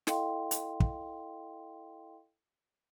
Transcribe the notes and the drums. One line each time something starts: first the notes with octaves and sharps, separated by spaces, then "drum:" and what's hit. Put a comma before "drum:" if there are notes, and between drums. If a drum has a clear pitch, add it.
E4 A4 D#5 F5 G5 C6, drum: snare
drum: hi-hat
drum: kick